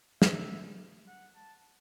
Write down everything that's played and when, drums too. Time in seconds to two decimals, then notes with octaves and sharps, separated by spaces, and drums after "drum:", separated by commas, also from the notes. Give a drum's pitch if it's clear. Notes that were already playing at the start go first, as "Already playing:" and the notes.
0.22 E5, drum: snare
1.08 F#5
1.35 A5